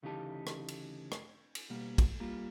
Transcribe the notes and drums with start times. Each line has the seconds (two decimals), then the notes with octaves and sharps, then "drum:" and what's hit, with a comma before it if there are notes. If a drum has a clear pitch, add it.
0.03 D2 C#3 E3 D#4 G4 A5
0.47 drum: rim click
0.68 drum: cymbal
1.12 drum: rim click
1.55 drum: cymbal
1.70 B2 G3 A#3
1.98 drum: kick, cymbal
2.20 G3 A#3 F4